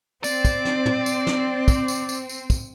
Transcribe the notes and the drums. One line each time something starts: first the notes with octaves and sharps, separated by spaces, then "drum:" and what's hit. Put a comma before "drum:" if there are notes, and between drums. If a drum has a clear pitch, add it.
C4 D5, drum: tambourine
drum: kick, tambourine
drum: snare
drum: tom
drum: tambourine
drum: snare
drum: kick, tambourine
drum: tambourine
drum: tambourine
drum: tambourine
drum: kick, tambourine